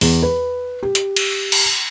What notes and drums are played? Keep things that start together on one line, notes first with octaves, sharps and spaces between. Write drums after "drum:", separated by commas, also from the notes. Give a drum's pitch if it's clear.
E2, drum: open hi-hat
B4
G4
drum: hi-hat
drum: cymbal
drum: cymbal